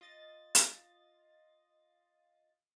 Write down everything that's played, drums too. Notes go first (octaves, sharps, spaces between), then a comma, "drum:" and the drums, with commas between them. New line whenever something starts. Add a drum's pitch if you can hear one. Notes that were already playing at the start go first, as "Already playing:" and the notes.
F4 D#5 A6
drum: hi-hat